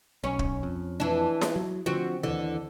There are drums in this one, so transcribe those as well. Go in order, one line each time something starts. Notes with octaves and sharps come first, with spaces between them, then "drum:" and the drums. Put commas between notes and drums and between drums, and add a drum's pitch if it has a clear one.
B1 C#4
drum: kick
F2
E3 D4
drum: snare E4
F#3
D3 F3 C4 F#4
D#2 D3 E3